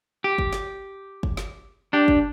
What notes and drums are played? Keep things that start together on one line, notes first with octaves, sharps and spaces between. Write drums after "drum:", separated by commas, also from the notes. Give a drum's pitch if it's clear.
G4
drum: kick
drum: snare
drum: kick
drum: snare
D4 G4
drum: kick